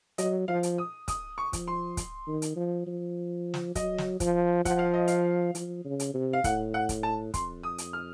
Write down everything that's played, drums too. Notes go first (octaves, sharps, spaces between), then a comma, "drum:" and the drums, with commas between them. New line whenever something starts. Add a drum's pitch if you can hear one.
F#3 D#5, drum: hi-hat
F3 F5
drum: hi-hat
D#6
D#6, drum: kick, hi-hat
C#6
F3, drum: kick, hi-hat
C6
drum: kick, hi-hat
D#3
drum: hi-hat
F3
F3
drum: snare
F#3 D#5, drum: kick, hi-hat
drum: snare
F3, drum: kick, hi-hat
F3 F#5, drum: kick, hi-hat
F5
D#5
F5, drum: hi-hat
F3, drum: hi-hat
C#3
drum: hi-hat
C3
F5
A2 F#5, drum: kick, hi-hat
F#5
drum: kick, hi-hat
A5
F2 C6, drum: kick, hi-hat
D#6
drum: hi-hat
F6